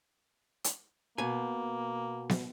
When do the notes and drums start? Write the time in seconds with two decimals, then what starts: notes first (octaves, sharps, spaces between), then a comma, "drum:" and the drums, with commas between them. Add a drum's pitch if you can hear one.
0.64 drum: hi-hat
1.18 B2 A#3 G#5
2.29 drum: snare